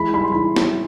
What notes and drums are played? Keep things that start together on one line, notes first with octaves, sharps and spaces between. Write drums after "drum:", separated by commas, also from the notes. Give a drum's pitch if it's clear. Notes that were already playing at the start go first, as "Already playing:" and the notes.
Already playing: E3 G#3 B5
G3 B5
C6
E3 B5
E3, drum: snare